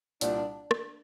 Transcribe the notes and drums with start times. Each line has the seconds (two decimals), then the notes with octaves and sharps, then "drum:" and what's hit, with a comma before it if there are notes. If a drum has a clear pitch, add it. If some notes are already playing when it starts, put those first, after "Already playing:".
0.21 C2 A#2 G3 D4, drum: hi-hat
0.71 drum: rim click